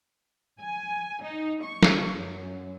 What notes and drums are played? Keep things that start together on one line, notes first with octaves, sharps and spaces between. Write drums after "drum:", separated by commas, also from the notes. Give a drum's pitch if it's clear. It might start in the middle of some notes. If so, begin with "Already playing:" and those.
G#5
D#4
C#6
drum: snare
F#2